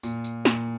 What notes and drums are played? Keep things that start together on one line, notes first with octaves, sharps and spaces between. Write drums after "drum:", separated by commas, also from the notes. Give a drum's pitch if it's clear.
A#2, drum: tambourine
drum: tambourine
A#2, drum: snare